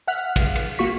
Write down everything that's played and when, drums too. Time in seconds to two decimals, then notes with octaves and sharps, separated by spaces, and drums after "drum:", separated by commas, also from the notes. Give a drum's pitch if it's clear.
0.07 E5 F#5 F6 F#6 B6
0.36 F5, drum: kick, cymbal
0.55 drum: cymbal
0.79 A#3 F4 F#4 C#6 B6